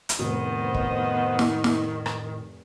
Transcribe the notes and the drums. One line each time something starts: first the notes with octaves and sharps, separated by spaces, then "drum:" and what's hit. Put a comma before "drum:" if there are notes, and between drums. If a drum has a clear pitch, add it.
drum: hi-hat
F1 A2 D#3 B3 C5 D#5
drum: kick
drum: snare
drum: snare
drum: rim click